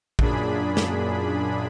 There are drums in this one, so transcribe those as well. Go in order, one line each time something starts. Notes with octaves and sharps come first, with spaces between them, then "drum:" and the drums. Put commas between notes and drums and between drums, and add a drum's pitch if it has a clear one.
F#2 A#2 D4 G#4 B5, drum: kick
drum: snare